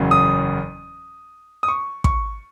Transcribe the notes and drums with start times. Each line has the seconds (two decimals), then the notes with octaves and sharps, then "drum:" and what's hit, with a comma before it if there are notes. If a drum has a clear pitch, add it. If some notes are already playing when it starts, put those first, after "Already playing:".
Already playing: F#1 E2 C#3 F#3 C#4
0.11 D#6
1.63 D#6
1.68 C#6
2.04 C#6, drum: kick